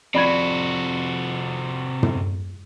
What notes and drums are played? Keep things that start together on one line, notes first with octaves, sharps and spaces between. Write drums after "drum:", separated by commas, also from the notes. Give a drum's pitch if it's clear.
F2 C3 F#4 D5 B5 G#6
drum: tom